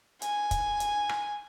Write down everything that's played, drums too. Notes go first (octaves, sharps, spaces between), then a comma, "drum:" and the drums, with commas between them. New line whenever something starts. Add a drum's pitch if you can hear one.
G#5, drum: hi-hat
drum: kick, hi-hat
drum: hi-hat
drum: rim click